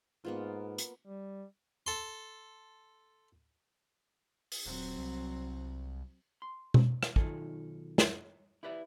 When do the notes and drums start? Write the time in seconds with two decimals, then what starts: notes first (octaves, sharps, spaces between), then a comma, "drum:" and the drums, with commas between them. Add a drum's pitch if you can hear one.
0.25 G#2 A#3 B3 F4
0.78 drum: hi-hat
1.05 G3
1.86 A4 C6
4.52 drum: open hi-hat
4.65 D#1 F#3 C4
4.98 C2
6.42 C6
6.74 drum: tom B2
7.03 drum: rim click
7.16 B1 D#3 G#3 F4 A4 G#5, drum: kick
7.98 drum: snare
8.63 E4 G4 B4 D5 E5